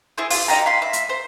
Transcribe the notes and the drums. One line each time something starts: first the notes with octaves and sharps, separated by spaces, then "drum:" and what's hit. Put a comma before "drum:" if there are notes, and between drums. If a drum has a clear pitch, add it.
E4 G#4 C5
F4, drum: open hi-hat
A#3 D#4 G4 A#5
F5 B5 C6
E5
drum: hi-hat
C5